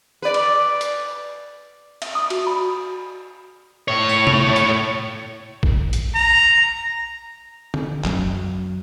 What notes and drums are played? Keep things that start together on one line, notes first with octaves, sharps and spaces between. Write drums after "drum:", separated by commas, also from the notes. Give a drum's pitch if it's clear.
B4 D5
drum: cymbal
drum: hi-hat
E5, drum: cymbal
D#6
F#4, drum: cymbal
B5
A2 C#5
drum: tambourine
drum: tom C3
drum: hi-hat
drum: kick
drum: hi-hat
A#5
drum: tom D3
F#2 F#3, drum: clap